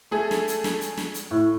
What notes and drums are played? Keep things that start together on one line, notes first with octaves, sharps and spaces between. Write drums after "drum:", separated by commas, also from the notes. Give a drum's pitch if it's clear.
A3 G#4 A4
drum: snare
drum: hi-hat
drum: snare
drum: hi-hat
drum: snare
drum: hi-hat
A2